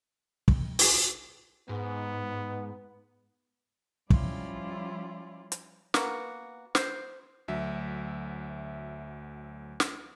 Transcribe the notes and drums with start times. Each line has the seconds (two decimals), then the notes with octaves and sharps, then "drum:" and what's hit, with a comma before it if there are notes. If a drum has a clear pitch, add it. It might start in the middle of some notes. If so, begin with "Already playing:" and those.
0.48 drum: kick
0.79 drum: open hi-hat
1.69 G#2 B3
4.10 F3 G3 C#4 E4 F4 D5, drum: kick
5.52 drum: hi-hat
5.94 A#3 B3 F#4, drum: snare
6.75 C5, drum: snare
7.48 D2 F#3 E5
9.80 drum: snare